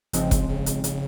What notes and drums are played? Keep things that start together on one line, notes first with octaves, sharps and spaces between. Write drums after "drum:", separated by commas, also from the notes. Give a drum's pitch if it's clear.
G#1 G#2 C#3 F3 G#3 C4, drum: hi-hat
drum: kick, hi-hat
C#3
drum: hi-hat
C#3, drum: hi-hat